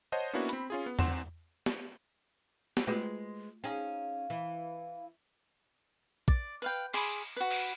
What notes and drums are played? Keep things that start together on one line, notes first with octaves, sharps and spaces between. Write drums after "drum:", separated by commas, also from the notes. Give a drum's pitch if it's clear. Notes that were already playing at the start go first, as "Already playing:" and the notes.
C5 C#5 D#5 F#5 A5
A#3 B3 C#4 D4 E4 F#4
C4 B5, drum: hi-hat
C#4 F4 G#4
B3
E2 C4 F#5 C6 E7, drum: tom E2
drum: snare
drum: snare
G#3 A3 F4 F#4 B4
C#4 D#4 G#4 F5 G5
E3
D5, drum: kick
B4 F5 G5
G#4 B5 C6 D6, drum: cymbal
F#4 B4
drum: cymbal